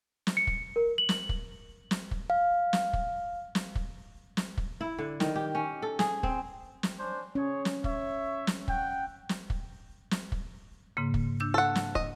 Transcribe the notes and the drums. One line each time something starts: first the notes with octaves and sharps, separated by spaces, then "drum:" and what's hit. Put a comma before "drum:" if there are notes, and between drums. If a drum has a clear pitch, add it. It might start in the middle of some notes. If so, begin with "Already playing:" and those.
drum: snare
C#7
drum: kick
A#4
F#7
drum: snare
drum: kick
drum: snare
drum: kick
F5
drum: snare
drum: kick
drum: snare
drum: kick
drum: snare
drum: kick
E4
D3
D#3, drum: snare
G4
C#4
A4
G#4, drum: snare
C4, drum: kick
drum: snare
C#4 D4 C5
C#4 G#4 C#5
drum: snare
C#5 E5, drum: kick
drum: snare
F#5 G5, drum: kick
drum: snare
drum: kick
drum: snare
drum: kick
G#2 C#3 A#3
drum: kick
D4 E6 G6
A4 F#5
drum: snare
D#5, drum: kick